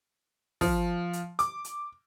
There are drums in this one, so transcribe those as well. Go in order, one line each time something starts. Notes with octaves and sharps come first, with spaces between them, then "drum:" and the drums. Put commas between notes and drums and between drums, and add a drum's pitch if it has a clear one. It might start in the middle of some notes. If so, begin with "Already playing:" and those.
F3, drum: kick, open hi-hat
drum: hi-hat
D6, drum: hi-hat
drum: hi-hat